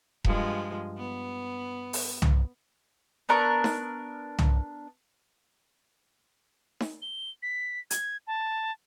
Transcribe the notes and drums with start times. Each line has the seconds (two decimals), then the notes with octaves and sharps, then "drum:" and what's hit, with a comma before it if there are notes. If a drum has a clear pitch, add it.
0.25 G2 F3 G#3, drum: kick E1
0.97 B3
1.93 drum: open hi-hat
2.22 drum: tom C2
3.29 B3 D4 A#4 C#6
3.64 drum: snare D#4
4.39 drum: tom C2
6.80 drum: snare D#4
7.02 G7
7.42 B6
7.90 G#6, drum: hi-hat
8.27 A5